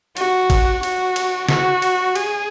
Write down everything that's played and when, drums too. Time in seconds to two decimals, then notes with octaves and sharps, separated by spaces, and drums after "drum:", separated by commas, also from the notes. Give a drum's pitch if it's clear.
0.17 F#4, drum: cymbal
0.50 drum: kick, cymbal
0.83 F#4, drum: cymbal
1.16 drum: cymbal
1.49 F#4, drum: snare
1.82 drum: cymbal
2.15 G#4, drum: cymbal